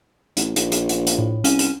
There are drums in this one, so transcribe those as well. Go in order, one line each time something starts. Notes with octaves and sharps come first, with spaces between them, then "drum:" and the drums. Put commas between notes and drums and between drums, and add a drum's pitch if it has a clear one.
A1, drum: hi-hat
A#1, drum: hi-hat
drum: hi-hat
drum: hi-hat
drum: hi-hat
A2
C2 C#4, drum: hi-hat
drum: hi-hat